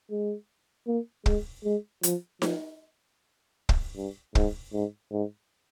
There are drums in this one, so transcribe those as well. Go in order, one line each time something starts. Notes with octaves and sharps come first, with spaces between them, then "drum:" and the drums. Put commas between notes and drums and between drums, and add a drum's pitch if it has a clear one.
G#3
A#3
G#3, drum: kick
G#3
F3, drum: hi-hat
F3, drum: snare D#4
drum: kick
G2
G#2, drum: kick
G#2
G#2